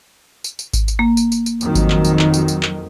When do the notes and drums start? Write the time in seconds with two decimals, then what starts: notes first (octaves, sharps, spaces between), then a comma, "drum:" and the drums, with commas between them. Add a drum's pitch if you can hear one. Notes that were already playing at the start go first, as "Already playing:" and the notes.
0.44 drum: tambourine
0.59 drum: tambourine
0.73 drum: kick G#1, tambourine
0.88 drum: tambourine
0.99 A#3
1.17 drum: tambourine
1.32 drum: tambourine
1.46 drum: tambourine
1.61 F2 D#3 F#3, drum: tambourine
1.75 drum: kick G#1, tambourine
1.90 drum: clap
2.05 drum: tambourine
2.19 drum: clap
2.34 drum: tambourine
2.48 drum: tambourine
2.63 drum: clap